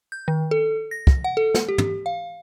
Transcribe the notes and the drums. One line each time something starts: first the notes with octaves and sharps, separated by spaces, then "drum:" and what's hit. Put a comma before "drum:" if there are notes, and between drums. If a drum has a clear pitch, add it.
G6
D#3
A4
A#6
drum: kick
F#5
A4
drum: snare
G4
drum: tom
F5